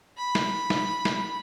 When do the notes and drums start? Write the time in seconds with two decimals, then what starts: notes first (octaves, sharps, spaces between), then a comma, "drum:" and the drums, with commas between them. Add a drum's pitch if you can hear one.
0.18 B5
0.35 drum: snare
0.70 drum: snare
1.05 drum: snare